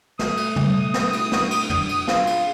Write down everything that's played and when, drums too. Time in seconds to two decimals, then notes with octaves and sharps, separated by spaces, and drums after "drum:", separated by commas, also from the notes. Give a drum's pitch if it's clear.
0.19 A3 D#6, drum: snare
0.37 drum: cymbal
0.56 drum: tom
0.94 drum: snare
1.13 drum: cymbal
1.32 drum: snare
1.51 drum: cymbal
1.70 drum: tom
1.89 drum: cymbal
2.08 F4 G#4, drum: snare
2.27 drum: cymbal